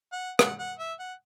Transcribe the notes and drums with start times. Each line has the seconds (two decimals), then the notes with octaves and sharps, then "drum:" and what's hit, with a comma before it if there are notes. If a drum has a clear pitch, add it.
0.12 F#5
0.39 F#5, drum: rim click
0.59 F#5
0.79 E5
0.99 F#5